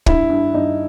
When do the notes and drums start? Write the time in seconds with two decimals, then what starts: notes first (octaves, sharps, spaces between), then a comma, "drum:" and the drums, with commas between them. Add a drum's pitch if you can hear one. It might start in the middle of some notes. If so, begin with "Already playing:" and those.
0.06 G2 E4, drum: kick
0.30 G2
0.54 G2 D#4